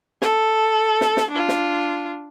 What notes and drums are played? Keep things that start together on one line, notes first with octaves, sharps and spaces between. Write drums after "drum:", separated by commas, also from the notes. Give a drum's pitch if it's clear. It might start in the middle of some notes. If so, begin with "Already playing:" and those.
A4, drum: snare
drum: snare
drum: snare
D4 F4
drum: snare